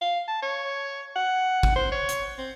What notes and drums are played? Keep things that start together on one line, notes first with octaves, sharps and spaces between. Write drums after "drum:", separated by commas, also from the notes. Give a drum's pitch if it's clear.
F5
A5
C#5
F#5
drum: kick G#1
C5
C#5
drum: hi-hat
C4